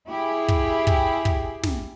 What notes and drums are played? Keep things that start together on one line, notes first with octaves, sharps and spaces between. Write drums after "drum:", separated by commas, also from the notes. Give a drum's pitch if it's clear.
E4 G4 G#4
drum: kick
drum: kick
drum: kick
drum: snare